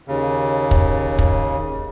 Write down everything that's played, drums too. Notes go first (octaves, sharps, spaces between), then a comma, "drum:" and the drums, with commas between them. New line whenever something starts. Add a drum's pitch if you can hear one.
D#2 C#3
drum: kick
drum: kick